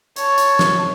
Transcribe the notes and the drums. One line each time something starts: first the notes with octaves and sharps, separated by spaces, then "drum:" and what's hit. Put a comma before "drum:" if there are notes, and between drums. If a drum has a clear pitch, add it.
C#5 A5, drum: hi-hat
drum: hi-hat
drum: snare